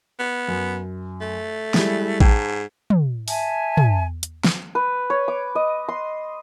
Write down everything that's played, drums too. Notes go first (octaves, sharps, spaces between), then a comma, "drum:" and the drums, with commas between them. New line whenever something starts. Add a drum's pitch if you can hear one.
B3
F#2
A3
G3 G#3 E4, drum: snare
G#2 G5 A5, drum: kick A1
drum: tom
E5 G#5 A5, drum: open hi-hat
drum: tom
drum: hi-hat
drum: snare
B4
C#5
D6
D#5
C6